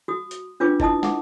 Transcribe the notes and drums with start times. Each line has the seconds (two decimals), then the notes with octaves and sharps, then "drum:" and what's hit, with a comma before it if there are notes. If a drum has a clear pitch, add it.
0.08 F#4 D#6
0.31 drum: hi-hat
0.60 C#4 D4 F4 B4 D6
0.80 E4 D#5 A5 D#6, drum: kick F#1
1.03 F#5 D6, drum: snare